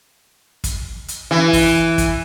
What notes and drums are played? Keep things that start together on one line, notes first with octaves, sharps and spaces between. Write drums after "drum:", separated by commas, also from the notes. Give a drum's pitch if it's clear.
drum: kick, hi-hat
drum: hi-hat
E3
drum: kick, open hi-hat
drum: kick, hi-hat